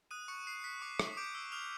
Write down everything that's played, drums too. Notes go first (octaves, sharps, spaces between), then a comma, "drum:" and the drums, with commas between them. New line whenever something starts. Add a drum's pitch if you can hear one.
D#6 F#6 D#7
C#6 F#6 C#7
F#6 C7
F#6 B6
C#6 D6 C#7
C#6 C7, drum: rim click
D6 G6 D7
E6
D#6 F6 F7